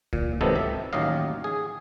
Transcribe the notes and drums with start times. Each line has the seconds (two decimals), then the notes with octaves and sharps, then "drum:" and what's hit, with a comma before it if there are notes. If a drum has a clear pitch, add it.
0.13 A#2, drum: kick C#2
0.41 G#1 C3 D#3 F#3 B3 A4
0.56 E5
0.93 A1 D#2 F#3 D#5 F5
1.44 G#4